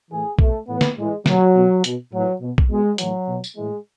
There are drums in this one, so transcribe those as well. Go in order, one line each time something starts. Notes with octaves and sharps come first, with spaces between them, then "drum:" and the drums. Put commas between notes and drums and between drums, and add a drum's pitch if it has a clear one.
A2 E3 G#4
B2 A3, drum: kick
A2 E3 B3
drum: snare
A2 E3 G#3
B2 F#3, drum: snare
B2
B2, drum: hi-hat
A2 E3 F#3
B2
drum: kick
B2 G#3
A2 E3 F#3, drum: hi-hat
B2
drum: tambourine
A2 E3 G#3